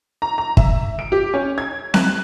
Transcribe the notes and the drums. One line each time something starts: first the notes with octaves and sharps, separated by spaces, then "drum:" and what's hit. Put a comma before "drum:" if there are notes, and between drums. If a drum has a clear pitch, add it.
A#5
A#5
E5, drum: kick
D7
G4
C#4
G#6
F#6, drum: snare C4